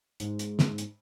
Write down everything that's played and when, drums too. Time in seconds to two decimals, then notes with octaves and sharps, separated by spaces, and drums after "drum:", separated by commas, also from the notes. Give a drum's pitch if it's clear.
0.20 G#2, drum: hi-hat
0.39 drum: hi-hat
0.59 drum: snare
0.78 drum: hi-hat